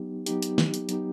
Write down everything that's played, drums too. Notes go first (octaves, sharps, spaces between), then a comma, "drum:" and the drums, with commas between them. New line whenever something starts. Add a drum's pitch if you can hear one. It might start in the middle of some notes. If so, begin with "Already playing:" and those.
Already playing: F#3 B3 D#4 G4
F#3 B3 D#4 G4, drum: hi-hat
drum: hi-hat
drum: snare
drum: hi-hat
F#3 B3 D#4 G4, drum: hi-hat